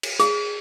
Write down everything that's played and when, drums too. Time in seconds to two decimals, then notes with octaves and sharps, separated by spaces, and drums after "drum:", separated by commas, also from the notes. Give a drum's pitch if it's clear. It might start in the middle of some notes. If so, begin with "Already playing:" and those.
0.03 drum: cymbal
0.20 G#4, drum: hi-hat